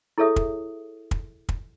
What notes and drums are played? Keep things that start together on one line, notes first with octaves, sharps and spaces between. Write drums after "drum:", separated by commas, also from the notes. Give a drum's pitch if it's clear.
E4 G#4 A4 C#5 E5 D#6
drum: kick
drum: kick
drum: kick